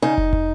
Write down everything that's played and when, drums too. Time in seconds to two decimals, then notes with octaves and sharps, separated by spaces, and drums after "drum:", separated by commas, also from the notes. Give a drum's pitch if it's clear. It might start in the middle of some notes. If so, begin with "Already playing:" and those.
0.02 C#3 D#4
0.18 drum: kick
0.33 drum: kick